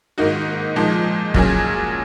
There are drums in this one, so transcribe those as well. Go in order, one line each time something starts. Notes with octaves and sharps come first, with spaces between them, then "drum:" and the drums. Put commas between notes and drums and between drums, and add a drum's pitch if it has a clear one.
G#2 D#3 A#3 D#4 F#4
A#2 F3 G#3 D#4
A#2 F#3 C#4 G#4, drum: kick